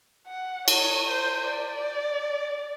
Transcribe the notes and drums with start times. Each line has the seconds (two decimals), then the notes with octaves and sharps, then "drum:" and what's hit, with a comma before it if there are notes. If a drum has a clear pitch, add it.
0.27 F#5
0.68 C#5, drum: cymbal
1.09 C5
1.49 D5